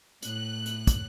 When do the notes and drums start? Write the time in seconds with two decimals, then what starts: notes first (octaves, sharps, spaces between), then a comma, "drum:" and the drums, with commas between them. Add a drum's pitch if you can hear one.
0.22 A2 F#6, drum: hi-hat
0.66 drum: hi-hat
0.87 drum: kick, hi-hat